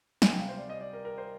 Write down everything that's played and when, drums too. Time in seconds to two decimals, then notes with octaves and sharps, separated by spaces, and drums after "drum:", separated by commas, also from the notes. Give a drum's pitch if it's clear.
0.22 C3 G3 G#5, drum: snare
0.31 G5
0.40 F5
0.49 C5
0.58 D5
0.69 D#5
0.81 D5
0.93 A#4
1.05 A#4
1.18 C5